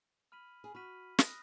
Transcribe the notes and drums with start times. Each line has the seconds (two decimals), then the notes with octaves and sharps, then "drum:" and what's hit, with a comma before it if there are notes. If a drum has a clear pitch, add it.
0.32 B5 F6 B6 D#7 F#7
0.64 G#4
0.75 F#4 B5 F6 B6 D#7 F#7
1.19 D#6 F#6 A#6, drum: snare